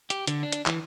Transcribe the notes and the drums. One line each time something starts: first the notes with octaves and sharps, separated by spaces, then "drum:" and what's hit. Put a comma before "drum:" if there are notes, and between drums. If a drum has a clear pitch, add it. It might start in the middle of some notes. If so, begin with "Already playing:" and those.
G4, drum: hi-hat
D3, drum: hi-hat
D4
drum: hi-hat
E3, drum: clap